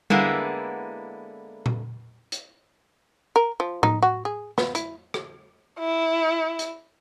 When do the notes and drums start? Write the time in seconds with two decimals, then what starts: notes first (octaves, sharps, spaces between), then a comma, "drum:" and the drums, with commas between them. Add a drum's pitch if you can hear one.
0.10 D3 G#3 A#3 B3 E4, drum: tom G3
1.66 drum: tom A#2
2.32 drum: hi-hat
3.36 A#4
3.60 F3
3.83 D#4, drum: tom A2
4.02 F#4
4.25 G#4
4.58 B3, drum: snare
4.75 E4, drum: hi-hat
5.14 drum: rim click
5.79 E4
6.59 drum: hi-hat